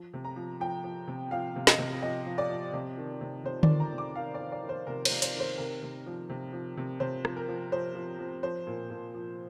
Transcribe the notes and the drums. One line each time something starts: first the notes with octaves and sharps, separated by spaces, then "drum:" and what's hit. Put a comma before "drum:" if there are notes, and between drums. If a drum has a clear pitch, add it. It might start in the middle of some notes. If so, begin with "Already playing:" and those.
Already playing: F3
C3
A#5
F3
F3 G5
F3
C3
F3 F5
C3
D#5, drum: snare
C3
F3 D#5
F3
D5
F3
C3
D#3
C3
C3 C5
D5, drum: tom D3
D#3
A#5
C3
D6
D#3 F5
D5
D#3
D5
D#3
C5
C3 A#4
C5, drum: cymbal
C3
C5, drum: hi-hat
D#3
C5
C3 A#4
C3
F3
C3
F3
C3
C3 C5
F3, drum: rim click
A#4
F3
F3 C5
F3
F3
F3 C5
A#2
A#2
F3